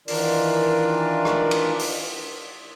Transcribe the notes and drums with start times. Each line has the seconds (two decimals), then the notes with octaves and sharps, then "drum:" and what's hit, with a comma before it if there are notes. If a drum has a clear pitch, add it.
0.08 D#3 E3 D4 F4 A#4 D5, drum: open hi-hat
1.25 drum: rim click
1.51 drum: cymbal
1.79 drum: open hi-hat